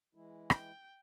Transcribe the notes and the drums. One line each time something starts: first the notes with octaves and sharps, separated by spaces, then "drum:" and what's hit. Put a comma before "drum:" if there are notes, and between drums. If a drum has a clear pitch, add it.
E3 G#3 E4
G5, drum: rim click